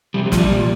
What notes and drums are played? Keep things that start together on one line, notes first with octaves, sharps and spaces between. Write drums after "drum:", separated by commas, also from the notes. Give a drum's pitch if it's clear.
C3 G3
G3
F3, drum: snare
G3
A#2